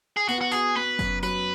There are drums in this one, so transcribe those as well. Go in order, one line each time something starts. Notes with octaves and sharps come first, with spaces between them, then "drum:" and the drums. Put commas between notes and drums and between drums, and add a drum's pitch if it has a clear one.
G#4
B3 F#4, drum: tambourine
F#4
F#4 G#4, drum: tambourine
B3 B4
F#2, drum: kick F#1, tambourine
F#3 B4, drum: tambourine